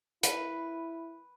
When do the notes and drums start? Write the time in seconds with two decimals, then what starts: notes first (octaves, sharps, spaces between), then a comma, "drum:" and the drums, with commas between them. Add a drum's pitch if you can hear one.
0.23 E4 B4, drum: hi-hat